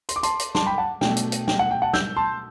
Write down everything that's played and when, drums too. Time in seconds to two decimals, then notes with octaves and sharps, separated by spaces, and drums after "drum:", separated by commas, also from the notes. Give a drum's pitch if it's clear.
0.09 C6, drum: hi-hat
0.16 D6
0.23 A5 C6, drum: hi-hat
0.39 drum: hi-hat
0.55 A5 C6, drum: snare
0.66 G5 B5
0.78 F#5 A5
1.01 B2 A3 D4 G5, drum: snare
1.17 drum: hi-hat
1.32 drum: hi-hat
1.48 G5, drum: snare
1.59 F#5
1.71 G5
1.82 F#5 A5
1.93 E6 G6, drum: snare
2.17 A5 C6